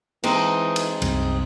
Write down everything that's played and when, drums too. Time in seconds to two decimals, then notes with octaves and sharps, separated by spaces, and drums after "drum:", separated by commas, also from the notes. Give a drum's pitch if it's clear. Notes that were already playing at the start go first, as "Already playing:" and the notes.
0.24 E3 G#3 C4 D#4, drum: cymbal
0.76 drum: cymbal
1.02 C2 F#2 C3, drum: cymbal